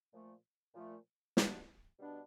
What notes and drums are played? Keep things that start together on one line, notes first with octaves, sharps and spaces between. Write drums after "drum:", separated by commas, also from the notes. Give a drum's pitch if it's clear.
A#2 F3 A3
A#2 F3 A3
B2 G3 B3 D4, drum: snare
B2 G3 B3 D4